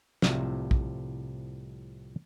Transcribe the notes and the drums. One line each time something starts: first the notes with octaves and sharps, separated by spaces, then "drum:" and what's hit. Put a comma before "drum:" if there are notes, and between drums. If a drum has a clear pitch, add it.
C2 A2 C3 F3 E5, drum: snare
drum: kick